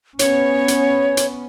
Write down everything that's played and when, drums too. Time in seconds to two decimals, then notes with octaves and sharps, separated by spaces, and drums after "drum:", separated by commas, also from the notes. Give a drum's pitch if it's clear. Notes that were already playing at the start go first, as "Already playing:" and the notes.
0.19 B3 C#4 C#5, drum: hi-hat
0.68 drum: hi-hat
1.17 drum: hi-hat